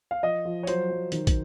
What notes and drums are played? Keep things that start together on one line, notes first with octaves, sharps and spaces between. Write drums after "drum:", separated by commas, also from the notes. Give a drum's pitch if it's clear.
F5
F3 D#5
F3
C#5
F#3 C5, drum: hi-hat
F#3
D#3, drum: hi-hat
drum: kick, hi-hat